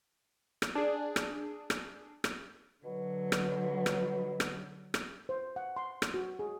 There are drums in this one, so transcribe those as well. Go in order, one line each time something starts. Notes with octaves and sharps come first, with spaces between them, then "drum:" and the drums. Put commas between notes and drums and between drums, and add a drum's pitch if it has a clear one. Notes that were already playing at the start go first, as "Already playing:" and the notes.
drum: rim click
D4 G#4
drum: rim click
drum: rim click
drum: rim click
B2 D3 F#3
drum: rim click
drum: rim click
drum: rim click
drum: rim click
C5
F#5
C6
drum: rim click
F#4
G#4